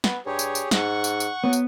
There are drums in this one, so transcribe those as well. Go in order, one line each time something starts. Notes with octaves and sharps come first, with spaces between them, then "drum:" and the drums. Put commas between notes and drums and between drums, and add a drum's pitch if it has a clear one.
B3, drum: snare
G2 G4 G#4 C#5
drum: tambourine
drum: tambourine
G#2 F#5 C#6, drum: snare
drum: tambourine
drum: tambourine
F#3 B3
drum: tambourine